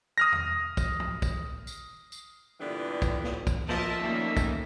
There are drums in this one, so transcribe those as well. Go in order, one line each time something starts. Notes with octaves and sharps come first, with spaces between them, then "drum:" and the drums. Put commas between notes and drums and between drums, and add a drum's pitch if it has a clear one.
D#6 F6 A#6
drum: tom E2
drum: kick, tambourine
drum: tom
drum: kick, tambourine
drum: tambourine
drum: tambourine
A#2 D3 E3 G3 B3 D4
drum: kick, tambourine
drum: snare
drum: kick, tambourine
F3 A#4 D#5 E5 A5, drum: snare
D#3 G3 A3 A#3 C#4 D#4
drum: kick, tambourine